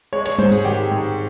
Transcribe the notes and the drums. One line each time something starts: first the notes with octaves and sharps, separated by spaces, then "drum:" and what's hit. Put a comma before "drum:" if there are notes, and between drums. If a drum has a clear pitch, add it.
G#3 C#5
C#5, drum: hi-hat
G#2 C5, drum: tom
G#4, drum: tambourine
D#3 G4
G#2